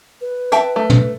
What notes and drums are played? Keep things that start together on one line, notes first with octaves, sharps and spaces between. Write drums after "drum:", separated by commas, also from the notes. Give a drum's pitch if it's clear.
B4
E5 G5 A5, drum: hi-hat
A3
drum: tom